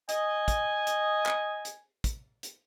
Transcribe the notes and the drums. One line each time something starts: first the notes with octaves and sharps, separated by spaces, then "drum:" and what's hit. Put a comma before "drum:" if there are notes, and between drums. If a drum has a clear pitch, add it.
D#5 G#5, drum: hi-hat
drum: kick, hi-hat
drum: hi-hat
drum: clap
drum: hi-hat
drum: kick, hi-hat
drum: hi-hat